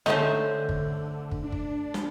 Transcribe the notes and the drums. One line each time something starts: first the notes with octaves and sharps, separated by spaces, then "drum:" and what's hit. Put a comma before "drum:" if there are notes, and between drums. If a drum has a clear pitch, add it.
D3 A3 C4 C#4 D#4 C5, drum: snare
drum: kick
drum: kick
D4
drum: kick
drum: snare